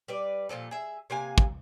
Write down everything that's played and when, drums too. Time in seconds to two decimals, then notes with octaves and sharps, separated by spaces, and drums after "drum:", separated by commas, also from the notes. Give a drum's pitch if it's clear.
0.08 G3 B4 D5
0.49 A#2 E3 F3 A4
0.71 G#4 E5
1.10 C3 A#3 F5 G#5
1.38 drum: kick